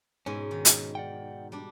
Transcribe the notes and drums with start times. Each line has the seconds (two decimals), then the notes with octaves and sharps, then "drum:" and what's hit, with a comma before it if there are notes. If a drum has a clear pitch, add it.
0.26 G#2 B2 C#4 G#5
0.51 D#3
0.65 drum: hi-hat
0.95 D5 F#5 G5
1.52 G3 D4